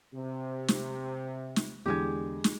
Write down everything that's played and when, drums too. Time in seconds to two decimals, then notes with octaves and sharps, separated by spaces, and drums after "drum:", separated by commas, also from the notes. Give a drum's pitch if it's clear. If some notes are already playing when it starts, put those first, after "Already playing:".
0.13 C3
0.68 drum: snare
1.56 drum: snare
1.86 E2 D3 G#3 G4 G#6
2.44 drum: snare